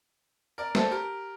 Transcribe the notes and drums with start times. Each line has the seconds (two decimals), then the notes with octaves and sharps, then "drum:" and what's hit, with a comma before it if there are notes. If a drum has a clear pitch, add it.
0.58 A#4 D5
0.75 A4 C5, drum: snare
0.91 G4 A#4